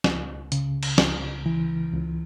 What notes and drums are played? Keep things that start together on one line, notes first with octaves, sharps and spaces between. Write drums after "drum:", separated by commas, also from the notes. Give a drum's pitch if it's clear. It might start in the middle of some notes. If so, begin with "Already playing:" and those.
C#2, drum: snare
C#3, drum: hi-hat
drum: cymbal
C#2, drum: snare
E3
C#2